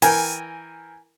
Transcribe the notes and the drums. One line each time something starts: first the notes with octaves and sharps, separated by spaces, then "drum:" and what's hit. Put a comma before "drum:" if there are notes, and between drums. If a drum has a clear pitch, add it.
E3 A#4 G5 G#5, drum: open hi-hat